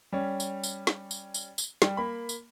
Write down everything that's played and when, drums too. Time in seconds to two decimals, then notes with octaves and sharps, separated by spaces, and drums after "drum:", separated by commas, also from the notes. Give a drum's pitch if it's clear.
0.12 G3 C#4
0.40 drum: tambourine
0.63 drum: tambourine
0.87 drum: snare
1.11 drum: tambourine
1.34 drum: tambourine
1.58 drum: tambourine
1.82 G3, drum: snare
1.97 A#3 B5
2.29 drum: tambourine